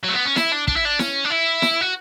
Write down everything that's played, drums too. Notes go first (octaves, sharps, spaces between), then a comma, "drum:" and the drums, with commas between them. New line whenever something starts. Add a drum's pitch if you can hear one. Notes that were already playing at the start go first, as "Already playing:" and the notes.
F#3
A3
B3
C#4
E4, drum: snare E4
D4
D4, drum: kick
E4
D4
C#4, drum: snare E4
D4
E4
drum: snare E4
F#4